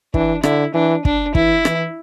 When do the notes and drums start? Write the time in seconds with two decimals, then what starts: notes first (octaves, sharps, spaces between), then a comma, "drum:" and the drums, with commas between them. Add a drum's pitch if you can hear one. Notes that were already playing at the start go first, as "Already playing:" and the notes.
0.14 E3 D4, drum: kick
0.43 D3 E4, drum: rim click
0.74 E3 D4
1.05 D4, drum: kick
1.35 E3 E4, drum: kick
1.65 E3, drum: rim click